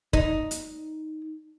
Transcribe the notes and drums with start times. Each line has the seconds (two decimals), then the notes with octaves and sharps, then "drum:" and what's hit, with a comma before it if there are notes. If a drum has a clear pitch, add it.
0.13 D#4, drum: kick
0.51 drum: hi-hat